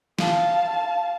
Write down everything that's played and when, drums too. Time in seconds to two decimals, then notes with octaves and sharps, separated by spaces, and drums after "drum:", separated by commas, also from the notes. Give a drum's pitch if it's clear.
0.19 F5 A5, drum: snare